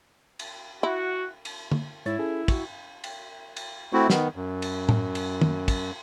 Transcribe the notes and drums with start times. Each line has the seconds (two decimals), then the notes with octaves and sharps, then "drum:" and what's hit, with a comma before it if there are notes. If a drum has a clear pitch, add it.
0.39 drum: cymbal
0.83 E4 F#4
1.45 drum: cymbal
1.72 drum: tom
2.06 G#2 E4 C#5 A6
2.18 C#4 G#4 A4
2.48 F#4 C#6, drum: kick, cymbal
3.04 drum: cymbal
3.57 drum: cymbal
3.93 A3 C4 E4 F#4
4.10 D#3 B3, drum: snare
4.36 F#2
4.62 drum: cymbal
4.89 drum: tom
5.15 drum: cymbal
5.42 drum: tom
5.68 drum: kick, cymbal